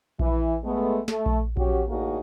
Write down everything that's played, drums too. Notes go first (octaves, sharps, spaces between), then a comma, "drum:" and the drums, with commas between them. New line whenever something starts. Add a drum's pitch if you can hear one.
E3, drum: kick A#1
G#3 A3 B3
A3, drum: snare
drum: kick A#1
F#3 C#4 F#4 G4, drum: kick A#1
D2 A2 A#3 D#4 F#4 G#4